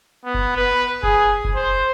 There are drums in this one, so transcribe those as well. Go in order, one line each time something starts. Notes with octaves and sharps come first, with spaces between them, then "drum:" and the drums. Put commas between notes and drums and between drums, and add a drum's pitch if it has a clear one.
B3
drum: kick F#1
B4
G#4, drum: kick F#1
drum: kick F#1
C5